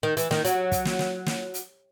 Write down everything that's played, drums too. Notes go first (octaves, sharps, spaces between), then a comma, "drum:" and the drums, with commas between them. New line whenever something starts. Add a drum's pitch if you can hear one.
D#3
E3, drum: hi-hat
D#3, drum: snare
F#3, drum: hi-hat
drum: kick, hi-hat
drum: snare
drum: snare
drum: snare
drum: hi-hat